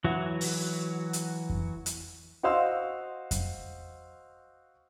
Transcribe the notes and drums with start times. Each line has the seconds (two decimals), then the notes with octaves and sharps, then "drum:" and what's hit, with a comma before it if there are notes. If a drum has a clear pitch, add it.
0.04 E3 F#3 F#4
0.41 drum: open hi-hat
1.13 drum: hi-hat
1.50 drum: kick F2
1.86 drum: hi-hat
2.43 F#4 C5 D#5 F5 C6 E6
3.31 drum: kick F2, hi-hat